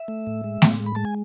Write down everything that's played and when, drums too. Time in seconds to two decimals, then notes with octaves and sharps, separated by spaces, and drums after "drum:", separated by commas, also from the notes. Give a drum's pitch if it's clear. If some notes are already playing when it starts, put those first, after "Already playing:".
Already playing: E5
0.08 A3
0.27 A2
0.44 G#3
0.62 A2, drum: snare A3
0.80 G#3
0.86 B5
0.95 G#3 A5
1.05 G#5